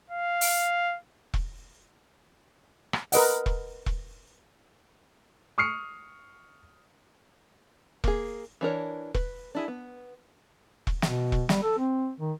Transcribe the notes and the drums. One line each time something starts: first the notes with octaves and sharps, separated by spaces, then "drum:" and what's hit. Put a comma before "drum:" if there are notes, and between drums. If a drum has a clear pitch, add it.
F5
drum: open hi-hat
drum: kick E1
drum: rim click
A#4 B4 D#5 F#5, drum: open hi-hat
drum: kick E1
drum: kick E1
C#6 D#6 F6 C7 C#7
A#3 G#4, drum: kick E1
E3 D4 A#4 C#5
B4, drum: kick E1
D4 E4 G#4
B3
drum: kick E1
B2, drum: snare
drum: kick E1
G3, drum: snare
A4
C4
D#3